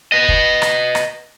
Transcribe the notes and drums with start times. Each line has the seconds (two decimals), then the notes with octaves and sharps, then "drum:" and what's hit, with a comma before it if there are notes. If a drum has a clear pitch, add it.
0.12 B4 D#5
0.29 drum: kick
0.62 drum: rim click
0.95 drum: rim click